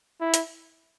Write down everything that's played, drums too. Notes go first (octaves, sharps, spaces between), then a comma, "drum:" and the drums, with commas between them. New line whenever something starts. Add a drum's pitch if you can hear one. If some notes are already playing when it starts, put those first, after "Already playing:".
E4
drum: hi-hat